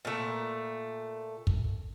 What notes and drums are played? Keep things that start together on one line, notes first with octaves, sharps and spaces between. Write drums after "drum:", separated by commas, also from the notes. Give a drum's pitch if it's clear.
A#2 A3
drum: kick